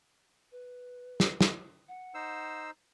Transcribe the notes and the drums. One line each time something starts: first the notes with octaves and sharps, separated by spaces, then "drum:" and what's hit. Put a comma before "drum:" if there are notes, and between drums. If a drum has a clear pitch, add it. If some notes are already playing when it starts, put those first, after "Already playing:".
B4
drum: snare
drum: snare
F#5
D#4 C5 E6